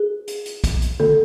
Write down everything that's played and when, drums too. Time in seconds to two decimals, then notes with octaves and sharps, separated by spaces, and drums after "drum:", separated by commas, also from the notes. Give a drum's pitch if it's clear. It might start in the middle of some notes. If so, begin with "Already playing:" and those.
Already playing: G#4
0.28 drum: hi-hat
0.46 drum: hi-hat
0.64 drum: kick, hi-hat
0.82 drum: hi-hat
1.00 A4, drum: tom D3